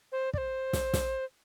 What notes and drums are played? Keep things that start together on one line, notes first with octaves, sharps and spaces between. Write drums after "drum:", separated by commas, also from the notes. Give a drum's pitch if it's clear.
C5
D5, drum: kick
C5
drum: snare
drum: snare